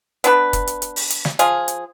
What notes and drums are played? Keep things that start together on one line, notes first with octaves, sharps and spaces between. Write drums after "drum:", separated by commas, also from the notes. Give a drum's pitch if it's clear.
B3 D4 B4, drum: hi-hat
drum: kick, hi-hat
drum: hi-hat
drum: hi-hat
drum: open hi-hat
drum: hi-hat
drum: snare
F3 F4 G#4, drum: hi-hat
drum: hi-hat